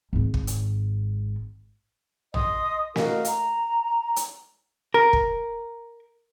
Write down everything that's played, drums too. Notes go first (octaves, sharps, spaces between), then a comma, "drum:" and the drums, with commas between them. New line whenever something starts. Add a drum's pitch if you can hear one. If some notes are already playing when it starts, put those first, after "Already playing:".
G#1 G#2
drum: kick
drum: hi-hat
D#5 C6 D#6, drum: tom A#1
F#4 A#4 D#5 F5, drum: snare
A#5, drum: hi-hat
drum: hi-hat
A#4
drum: kick